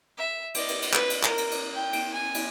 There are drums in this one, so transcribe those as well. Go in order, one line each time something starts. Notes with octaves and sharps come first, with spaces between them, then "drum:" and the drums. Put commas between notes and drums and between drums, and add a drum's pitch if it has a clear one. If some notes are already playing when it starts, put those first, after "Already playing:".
E5
D5 D#5, drum: cymbal
drum: cymbal
drum: cymbal
B4, drum: clap
drum: cymbal
A#4, drum: clap
drum: cymbal
drum: cymbal
G5
drum: cymbal
G#5
drum: cymbal